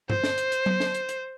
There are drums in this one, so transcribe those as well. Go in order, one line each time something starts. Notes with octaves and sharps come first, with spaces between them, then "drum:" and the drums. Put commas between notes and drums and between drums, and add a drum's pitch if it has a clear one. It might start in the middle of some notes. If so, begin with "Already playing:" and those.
C5, drum: tom G2
drum: snare
drum: hi-hat
drum: hi-hat
drum: tom F#3
drum: snare
drum: hi-hat
drum: hi-hat